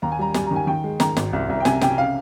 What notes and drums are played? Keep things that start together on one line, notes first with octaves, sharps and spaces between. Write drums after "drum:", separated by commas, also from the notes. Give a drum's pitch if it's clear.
D#2 A#5
G#5
G3 A#5
G3 G#5, drum: snare
D#3 A#5
G#5
D#3 G5
G#3
D#3 A#5, drum: snare
G#1, drum: snare
C2
C2
G5
C3 G#5, drum: snare
C3 G5, drum: snare
C#3 F5